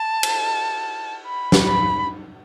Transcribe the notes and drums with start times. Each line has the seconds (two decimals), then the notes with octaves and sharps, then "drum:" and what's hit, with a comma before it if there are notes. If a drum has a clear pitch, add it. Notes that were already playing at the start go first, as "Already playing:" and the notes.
Already playing: A5
0.23 drum: cymbal
1.26 B5
1.52 drum: snare
1.66 B5